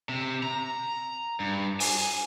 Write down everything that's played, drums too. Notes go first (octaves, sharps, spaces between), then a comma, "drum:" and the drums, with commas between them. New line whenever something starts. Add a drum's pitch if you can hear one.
C3
A#5
G2
G#5, drum: open hi-hat